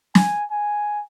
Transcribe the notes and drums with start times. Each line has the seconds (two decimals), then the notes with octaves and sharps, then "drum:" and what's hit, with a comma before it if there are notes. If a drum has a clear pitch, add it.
0.15 G#5, drum: snare
0.51 G#5